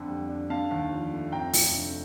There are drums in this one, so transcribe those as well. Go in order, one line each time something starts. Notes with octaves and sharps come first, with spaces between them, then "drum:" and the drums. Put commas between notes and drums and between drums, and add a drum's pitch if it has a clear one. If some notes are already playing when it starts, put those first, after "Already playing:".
Already playing: F2 D3
G3
D4
D3 F5 A5
D#2
F3
A3
F2 G5 A#5
F1, drum: open hi-hat
D3